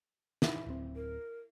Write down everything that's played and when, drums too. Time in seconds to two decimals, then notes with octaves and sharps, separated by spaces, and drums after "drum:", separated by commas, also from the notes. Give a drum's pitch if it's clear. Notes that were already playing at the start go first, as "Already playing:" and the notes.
0.42 E4, drum: snare
0.67 D1 C4
0.96 A#4